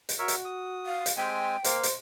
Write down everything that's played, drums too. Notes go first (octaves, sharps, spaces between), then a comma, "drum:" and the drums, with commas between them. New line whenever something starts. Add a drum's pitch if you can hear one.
drum: hi-hat
F#4 A#4 C#5 E5
drum: hi-hat
D#6
F5
drum: hi-hat
G#3 C4 G5 G#5
A#3 C5 F5, drum: hi-hat
drum: hi-hat